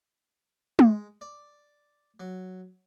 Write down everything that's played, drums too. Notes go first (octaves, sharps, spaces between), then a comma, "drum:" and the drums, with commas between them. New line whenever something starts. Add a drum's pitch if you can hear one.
G#3, drum: tom
D5
F#3